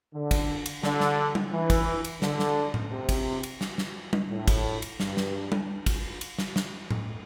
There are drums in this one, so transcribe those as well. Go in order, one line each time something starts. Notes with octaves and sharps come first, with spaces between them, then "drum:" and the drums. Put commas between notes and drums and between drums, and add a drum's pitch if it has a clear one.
D3
drum: kick, cymbal
drum: cymbal
D3, drum: snare
drum: snare
drum: tom G3
E3
drum: kick, cymbal
drum: cymbal
D3, drum: snare
drum: snare
drum: tom A2
C3
drum: kick, cymbal
drum: cymbal
drum: snare
drum: snare
drum: tom G3
A2
drum: kick, cymbal
drum: cymbal
G2, drum: snare
drum: snare
drum: tom G3
drum: kick, cymbal
drum: cymbal
drum: snare
drum: snare
drum: tom A2